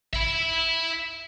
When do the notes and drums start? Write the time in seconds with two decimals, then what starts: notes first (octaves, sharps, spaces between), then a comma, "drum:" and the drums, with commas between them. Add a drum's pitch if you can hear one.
0.13 E5 B5, drum: kick G#1